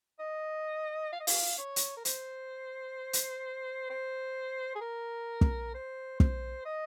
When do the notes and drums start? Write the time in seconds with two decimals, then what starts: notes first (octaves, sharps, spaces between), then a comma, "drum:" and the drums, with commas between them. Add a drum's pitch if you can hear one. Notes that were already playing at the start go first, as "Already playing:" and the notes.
0.19 D#5
1.13 F5
1.21 D#5
1.27 F5, drum: open hi-hat
1.58 C#5
1.76 drum: hi-hat
1.97 A#4
2.05 C5, drum: hi-hat
3.13 drum: hi-hat
3.90 C5
4.76 G#4
4.81 A#4
5.41 drum: kick
5.74 C5
6.20 C5, drum: kick
6.65 D#5